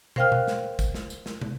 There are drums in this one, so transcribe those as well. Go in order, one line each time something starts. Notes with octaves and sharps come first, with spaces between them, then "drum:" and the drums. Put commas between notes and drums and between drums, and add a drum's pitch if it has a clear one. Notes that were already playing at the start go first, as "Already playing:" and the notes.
A#4 C5 F5 G5 F6 F#6, drum: tom
drum: tom
drum: snare
drum: kick, tambourine
drum: snare
drum: tambourine
drum: snare
drum: tom